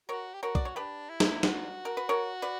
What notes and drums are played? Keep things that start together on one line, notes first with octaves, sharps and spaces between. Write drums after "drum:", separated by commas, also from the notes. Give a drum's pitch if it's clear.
F#4 A#4 C#5
G4
F#4 A#4 C#5
D5, drum: kick
C#5
D4 G4 B4
E4
drum: snare
F#4, drum: snare
A#4
B4
A#4 C#5
B4 D5